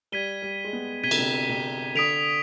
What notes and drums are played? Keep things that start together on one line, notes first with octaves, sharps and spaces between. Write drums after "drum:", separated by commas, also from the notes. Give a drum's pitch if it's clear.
G3 G#6 B6 D#7 G7
G3
G#3
B3
C3 G#6 B6 D#7 G7
D3, drum: cymbal
C3
C3
D3 D#6 B6 D7 F7